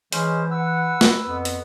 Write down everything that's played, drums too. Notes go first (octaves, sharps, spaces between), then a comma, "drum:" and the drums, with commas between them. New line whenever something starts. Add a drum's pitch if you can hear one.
E3 G#3 C#4 C5, drum: hi-hat
B4 F#5 E6
drum: snare
F2 B3
drum: hi-hat